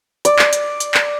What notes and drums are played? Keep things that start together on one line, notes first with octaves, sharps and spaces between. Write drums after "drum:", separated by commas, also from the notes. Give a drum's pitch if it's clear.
D5, drum: hi-hat
drum: clap
drum: hi-hat
drum: hi-hat
drum: clap